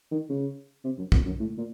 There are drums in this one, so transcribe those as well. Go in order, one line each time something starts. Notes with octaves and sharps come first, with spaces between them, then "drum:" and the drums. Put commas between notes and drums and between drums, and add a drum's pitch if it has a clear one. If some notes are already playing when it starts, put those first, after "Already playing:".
D#3
C#3
C3
F#2
F2, drum: kick
F#2
A2
A#2